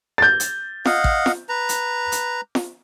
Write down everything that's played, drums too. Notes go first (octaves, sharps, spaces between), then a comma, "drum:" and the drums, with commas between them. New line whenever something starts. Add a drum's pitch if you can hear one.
G6 A6
drum: hi-hat
D#5 F5 F#5, drum: snare
drum: kick
drum: snare
B4 A#5
drum: hi-hat
drum: hi-hat
drum: snare